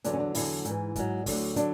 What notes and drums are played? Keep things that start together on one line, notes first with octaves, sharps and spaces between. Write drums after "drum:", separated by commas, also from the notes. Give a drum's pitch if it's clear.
E2 D3 F#3 D4, drum: hi-hat
C#4
D4
E2 D3 F#3 E4, drum: open hi-hat
G#2 E3, drum: hi-hat
G#2 F#3, drum: kick, hi-hat
D2 D3 F#3, drum: kick, open hi-hat
D3 F#3 D4, drum: hi-hat